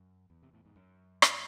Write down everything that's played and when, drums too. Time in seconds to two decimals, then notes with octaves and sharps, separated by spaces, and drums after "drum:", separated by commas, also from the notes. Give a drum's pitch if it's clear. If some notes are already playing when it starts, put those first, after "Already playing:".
Already playing: F#2
0.30 E2
0.43 C3
0.53 A2
0.65 G#2
0.76 F#2
1.22 drum: rim click